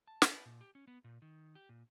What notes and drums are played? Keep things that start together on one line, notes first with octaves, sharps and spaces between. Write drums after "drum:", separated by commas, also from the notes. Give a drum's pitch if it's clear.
A5
drum: snare
B4
A#2
G4
C#4
B3
A#2
D#3
G4
A#2